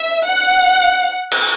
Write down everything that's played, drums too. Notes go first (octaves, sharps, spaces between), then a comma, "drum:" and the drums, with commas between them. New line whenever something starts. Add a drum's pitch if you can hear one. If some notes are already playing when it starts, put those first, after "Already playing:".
Already playing: E5
F#5
drum: cymbal